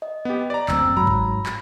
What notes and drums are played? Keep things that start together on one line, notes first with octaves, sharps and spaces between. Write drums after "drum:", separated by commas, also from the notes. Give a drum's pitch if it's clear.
D#5
B3 G4
D5 A#5
F#1 D2 C4 E6, drum: clap
G#2 F#3 A#5 B5
drum: kick
drum: clap